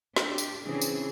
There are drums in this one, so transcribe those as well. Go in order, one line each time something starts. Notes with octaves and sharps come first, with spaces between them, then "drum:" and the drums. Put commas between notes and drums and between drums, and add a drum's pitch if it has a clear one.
D4 G4, drum: snare
drum: tambourine
C#3 E3 C4 D4 G#4
drum: tambourine